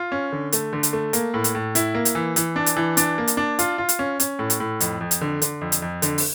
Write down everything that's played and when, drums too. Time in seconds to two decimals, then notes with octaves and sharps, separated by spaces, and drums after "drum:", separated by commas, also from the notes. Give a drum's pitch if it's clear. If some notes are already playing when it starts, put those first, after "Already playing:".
Already playing: F4
0.12 C#4
0.32 D3
0.52 A3, drum: hi-hat
0.73 D3
0.83 drum: hi-hat
0.93 A3
1.13 A#3, drum: hi-hat
1.34 A2
1.44 drum: hi-hat
1.55 A2
1.75 E4, drum: hi-hat
1.95 A#3
2.05 drum: hi-hat
2.15 E3
2.36 E3, drum: hi-hat
2.56 D4
2.66 drum: hi-hat
2.76 E3
2.97 D4, drum: hi-hat
3.18 A#3
3.27 drum: hi-hat
3.37 D4
3.59 F4, drum: hi-hat
3.78 F4
3.89 drum: hi-hat
3.99 C#4
4.20 C#4, drum: hi-hat
4.39 A2
4.50 drum: hi-hat
4.60 A2
4.80 F2, drum: hi-hat
5.01 F2
5.11 drum: hi-hat
5.21 D3
5.42 D3, drum: hi-hat
5.61 F2
5.72 drum: hi-hat
5.82 F2
6.02 D3, drum: hi-hat
6.18 drum: open hi-hat